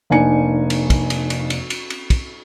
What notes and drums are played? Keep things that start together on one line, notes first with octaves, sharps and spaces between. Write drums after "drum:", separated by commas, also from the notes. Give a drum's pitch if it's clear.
F1 A#3 D4 D#4 G#5 C#7
drum: cymbal
drum: kick, cymbal
drum: cymbal
drum: cymbal
drum: cymbal
drum: cymbal
drum: cymbal
drum: kick, cymbal